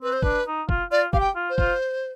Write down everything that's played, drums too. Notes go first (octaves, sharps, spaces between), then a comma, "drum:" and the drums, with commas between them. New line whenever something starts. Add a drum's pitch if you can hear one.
C4 B4
C5
D4 B4, drum: kick
D#4
F4, drum: kick
F4 D5
G4 F5, drum: kick
G5
F4
C5
F4, drum: kick